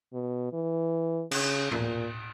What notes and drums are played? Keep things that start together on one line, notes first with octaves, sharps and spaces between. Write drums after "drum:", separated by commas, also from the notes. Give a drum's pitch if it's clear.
B2
E3
C#3, drum: cymbal
A#2, drum: tom A2